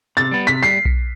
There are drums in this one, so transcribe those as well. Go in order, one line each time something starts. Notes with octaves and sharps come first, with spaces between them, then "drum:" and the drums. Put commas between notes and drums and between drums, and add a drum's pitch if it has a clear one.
C3 A6
G3 B3
C3 B6
G3 C7
drum: kick B1